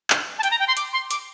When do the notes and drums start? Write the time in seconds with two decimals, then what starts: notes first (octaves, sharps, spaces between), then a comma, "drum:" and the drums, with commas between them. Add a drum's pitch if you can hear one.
0.10 drum: clap
0.39 A5
0.43 G5, drum: hi-hat
0.51 A#5
0.59 G5
0.68 C6
0.77 D6, drum: hi-hat
0.93 C6
1.11 D6, drum: hi-hat